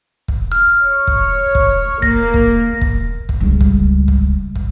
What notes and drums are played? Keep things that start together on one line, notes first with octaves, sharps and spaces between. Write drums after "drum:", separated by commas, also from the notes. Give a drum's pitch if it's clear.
drum: kick
F6
C#5
drum: kick
drum: kick
A#3 A#6, drum: kick
drum: kick
drum: kick
drum: kick
C#2 G3
drum: kick
drum: kick
drum: kick